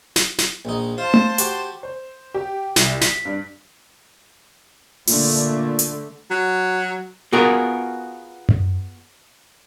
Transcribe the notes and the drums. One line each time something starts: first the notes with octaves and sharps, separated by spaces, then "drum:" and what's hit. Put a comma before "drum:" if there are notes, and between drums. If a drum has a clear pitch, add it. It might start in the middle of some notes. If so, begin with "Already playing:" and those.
drum: snare
drum: snare
A#1 D#4
F4 C5 A5
drum: tom A3
F#4 G4 G5, drum: hi-hat
C5
G4
C2, drum: snare
B6, drum: snare
G2
A#2 D3 A3, drum: open hi-hat
drum: hi-hat
F#3
B3 F4 F#4 G#4 A#4
drum: tom F#2